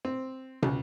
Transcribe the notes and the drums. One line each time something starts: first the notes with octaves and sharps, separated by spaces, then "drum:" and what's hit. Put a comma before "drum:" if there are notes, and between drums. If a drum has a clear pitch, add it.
C4
C#2, drum: tom